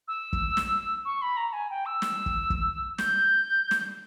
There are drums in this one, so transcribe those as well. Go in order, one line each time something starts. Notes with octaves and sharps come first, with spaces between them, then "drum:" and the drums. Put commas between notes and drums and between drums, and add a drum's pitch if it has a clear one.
E6
drum: kick
drum: snare
C#6
B5
A#5
G#5
G5
E6
drum: snare
drum: kick
drum: kick
G6, drum: snare
drum: snare